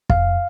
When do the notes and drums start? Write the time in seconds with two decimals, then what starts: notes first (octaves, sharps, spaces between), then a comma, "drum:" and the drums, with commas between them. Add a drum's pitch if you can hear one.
0.10 F2 F5, drum: kick